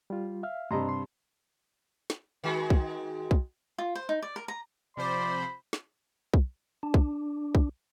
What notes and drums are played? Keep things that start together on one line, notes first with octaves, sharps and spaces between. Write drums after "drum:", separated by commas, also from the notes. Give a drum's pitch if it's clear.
G3 F4
E5 F5 F6
G2 C3 D#5 A#5 C6
C6
drum: snare
D#3 G#3 F#4
drum: kick B1
drum: kick B1
F4
C5
D#4
D5
A#4
A#5
C3 F3 C5 D5 B5
drum: snare
drum: kick B1
D4
drum: kick B1
drum: kick B1